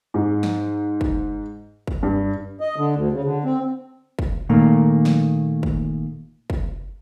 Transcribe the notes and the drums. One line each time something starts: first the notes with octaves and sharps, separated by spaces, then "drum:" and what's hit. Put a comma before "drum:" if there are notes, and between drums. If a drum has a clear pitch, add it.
G#2
drum: snare
drum: kick
drum: kick
G2
D#5
D3
D2
C#3
D3
C4
drum: kick
A#2 D#3 A3 A#3
drum: snare
drum: kick
drum: kick